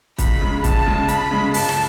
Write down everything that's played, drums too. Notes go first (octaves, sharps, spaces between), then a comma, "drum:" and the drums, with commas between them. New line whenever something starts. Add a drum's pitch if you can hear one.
C#2 B5, drum: kick, hi-hat
C#3 G#3
C#2 A5, drum: kick, hi-hat
C#3 G#3
C#2 B5, drum: hi-hat
C#3 G#3
C#2 A5, drum: open hi-hat
drum: rim click